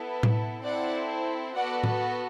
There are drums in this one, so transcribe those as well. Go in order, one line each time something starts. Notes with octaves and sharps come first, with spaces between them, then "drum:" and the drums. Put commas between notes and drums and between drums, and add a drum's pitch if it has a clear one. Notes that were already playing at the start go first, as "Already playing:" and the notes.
Already playing: B3 E4 A4
drum: tom A2
C4 E4 A4 D5 F#5
B3 F#4 A4 D5 F#5
drum: tom A2